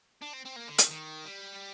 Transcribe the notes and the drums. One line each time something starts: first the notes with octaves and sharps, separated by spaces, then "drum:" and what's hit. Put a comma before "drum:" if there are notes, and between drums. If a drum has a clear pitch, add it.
D4
C4
C4
A#3
D3
D#3, drum: hi-hat
D#3
G3